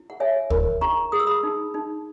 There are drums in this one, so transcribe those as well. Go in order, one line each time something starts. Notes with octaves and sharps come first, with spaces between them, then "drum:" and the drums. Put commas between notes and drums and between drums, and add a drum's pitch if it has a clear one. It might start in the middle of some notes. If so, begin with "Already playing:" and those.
Already playing: E4
F#5
C#5 E5 G#5
A#4, drum: kick D2
E4 A#5 C#6
G#4 D#6
E6
B5 D#6
D#4
D#4